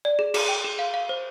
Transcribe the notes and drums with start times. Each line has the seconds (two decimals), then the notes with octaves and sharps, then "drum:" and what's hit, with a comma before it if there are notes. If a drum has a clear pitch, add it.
0.05 D5
0.19 G#4
0.34 G#4, drum: cymbal
0.49 G5
0.64 G#4
0.79 F5
0.94 F5
1.09 C5